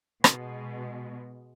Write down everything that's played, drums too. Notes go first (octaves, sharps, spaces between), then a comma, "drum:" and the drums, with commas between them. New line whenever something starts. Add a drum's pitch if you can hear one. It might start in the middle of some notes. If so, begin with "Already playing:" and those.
B2 G#3, drum: rim click